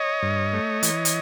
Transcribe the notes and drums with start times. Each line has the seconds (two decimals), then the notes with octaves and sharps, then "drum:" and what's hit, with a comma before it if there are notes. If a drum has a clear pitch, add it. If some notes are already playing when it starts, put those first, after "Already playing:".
Already playing: C#5 D#5
0.22 G2
0.53 A3
0.83 E3, drum: hi-hat
1.05 drum: hi-hat